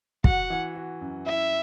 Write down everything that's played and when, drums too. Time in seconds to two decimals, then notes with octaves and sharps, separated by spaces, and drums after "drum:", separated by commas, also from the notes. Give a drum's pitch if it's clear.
0.24 F#4 F#5, drum: kick
0.50 E3
0.75 F#4
1.01 F#2
1.26 E4 E5